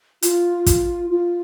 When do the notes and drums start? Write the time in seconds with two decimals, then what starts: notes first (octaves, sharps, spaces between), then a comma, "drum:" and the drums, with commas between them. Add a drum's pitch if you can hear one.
0.22 F4, drum: hi-hat
0.66 drum: kick, hi-hat
1.10 F4